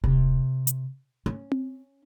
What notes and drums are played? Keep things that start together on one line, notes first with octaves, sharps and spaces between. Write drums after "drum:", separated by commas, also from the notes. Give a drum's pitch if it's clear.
C3, drum: kick D#1
drum: hi-hat
C#4
drum: tom C4